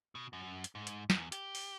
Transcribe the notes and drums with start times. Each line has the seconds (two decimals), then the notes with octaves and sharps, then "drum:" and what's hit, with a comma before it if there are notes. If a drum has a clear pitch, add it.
0.15 B2
0.33 F#2
0.64 drum: hi-hat
0.75 G#2
0.87 drum: hi-hat
1.10 E2, drum: snare
1.32 G4, drum: hi-hat
1.55 drum: open hi-hat